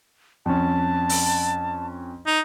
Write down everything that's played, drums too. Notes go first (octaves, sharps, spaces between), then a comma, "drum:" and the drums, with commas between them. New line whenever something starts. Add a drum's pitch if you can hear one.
F2 C#4 A5
drum: open hi-hat
D#4